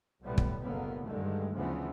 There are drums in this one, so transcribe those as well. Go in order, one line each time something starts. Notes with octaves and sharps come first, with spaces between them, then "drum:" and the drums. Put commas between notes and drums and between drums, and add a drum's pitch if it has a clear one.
B1 A2 G3 B3
drum: kick
F#1 D3 G#3 A#3 B3
G2 D3 D#3 G#3 A3
D2 C#3 E3 F3 B3